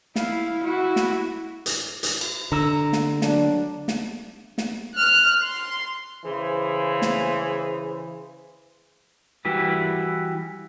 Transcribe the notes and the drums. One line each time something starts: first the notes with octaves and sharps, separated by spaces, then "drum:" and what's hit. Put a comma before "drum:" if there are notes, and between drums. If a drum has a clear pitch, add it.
E4 F5, drum: snare
E4 F#4
drum: snare
drum: hi-hat
drum: hi-hat
drum: cymbal
D3 A#5 E6
drum: snare
F#3 D4, drum: snare
drum: snare
drum: snare
F6 F#6
C6
C#3 E3 G#4 C5
drum: snare
E3 G3 E4 F#4 B4